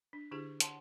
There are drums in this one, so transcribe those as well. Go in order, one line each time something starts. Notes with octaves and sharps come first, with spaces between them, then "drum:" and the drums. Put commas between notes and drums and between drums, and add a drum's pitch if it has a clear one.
D4
D3 D4 E4 G4 G#4
C#5 F#5 A5 C6, drum: hi-hat